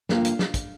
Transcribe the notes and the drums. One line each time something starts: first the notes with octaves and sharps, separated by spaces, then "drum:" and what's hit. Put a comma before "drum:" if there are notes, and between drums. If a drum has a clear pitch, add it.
G2 D3 F3 A#3 F5, drum: snare
drum: hi-hat
drum: snare
drum: kick, hi-hat